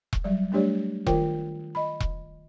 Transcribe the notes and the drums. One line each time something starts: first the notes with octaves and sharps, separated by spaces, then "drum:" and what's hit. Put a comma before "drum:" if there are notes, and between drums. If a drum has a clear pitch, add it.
drum: kick E1
F#3 G3 D5
G3 A3 D4 G4 C#5 D5
D#3 F4 A#4 C5 G5, drum: kick E1
D#5 B5
drum: kick E1